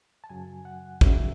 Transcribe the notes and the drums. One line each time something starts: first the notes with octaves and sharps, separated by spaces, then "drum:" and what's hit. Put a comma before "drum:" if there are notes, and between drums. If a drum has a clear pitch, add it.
A5
F#2 C#3 F#3 G#5
F#5
F#2 C#3 F#3 E5, drum: kick